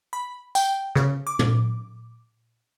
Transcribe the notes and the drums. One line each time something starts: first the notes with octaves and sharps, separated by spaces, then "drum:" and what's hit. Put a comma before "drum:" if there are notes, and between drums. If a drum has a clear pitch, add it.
B5
G5, drum: tambourine
C#3, drum: rim click
D6
drum: tom